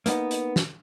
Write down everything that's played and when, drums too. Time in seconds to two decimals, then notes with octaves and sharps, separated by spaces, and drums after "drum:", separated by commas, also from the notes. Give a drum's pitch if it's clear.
0.06 A#3 B3 D#4, drum: hi-hat
0.31 drum: hi-hat
0.56 drum: snare